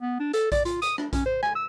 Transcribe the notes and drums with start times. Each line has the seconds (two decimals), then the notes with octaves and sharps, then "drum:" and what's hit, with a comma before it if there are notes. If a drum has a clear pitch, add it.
0.02 B3
0.20 D4
0.33 A4, drum: hi-hat
0.52 D5, drum: kick A#1, hi-hat
0.65 F4, drum: hi-hat
0.82 D#6, drum: hi-hat
0.98 D4, drum: rim click
1.13 C#4, drum: kick A#1, hi-hat
1.26 C5
1.43 G#5, drum: rim click
1.55 E6